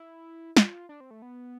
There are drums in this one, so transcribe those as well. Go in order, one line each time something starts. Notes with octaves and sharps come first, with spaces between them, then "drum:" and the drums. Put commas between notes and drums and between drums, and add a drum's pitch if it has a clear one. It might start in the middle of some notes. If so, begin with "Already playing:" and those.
Already playing: E4
F4, drum: snare
D4
C4
A3
B3